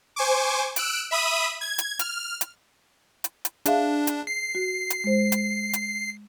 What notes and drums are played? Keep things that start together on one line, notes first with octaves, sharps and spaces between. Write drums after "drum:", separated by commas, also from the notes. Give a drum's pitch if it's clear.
C5 G#5 C#6 D6
E6 F#6 D7, drum: hi-hat
E5 B5 D#6 D#7
G#6
drum: hi-hat
F6, drum: hi-hat
drum: hi-hat
drum: hi-hat
drum: hi-hat
D4 G#4 E5 F5, drum: hi-hat
drum: hi-hat
C7
F#4
drum: hi-hat
G#3 C5
drum: hi-hat
drum: hi-hat